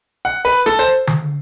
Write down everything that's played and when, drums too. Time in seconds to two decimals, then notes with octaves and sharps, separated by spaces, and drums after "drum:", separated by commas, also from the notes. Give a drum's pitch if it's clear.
0.25 F#5
0.45 B4
0.66 A4, drum: rim click
0.79 C5
1.07 drum: tom D3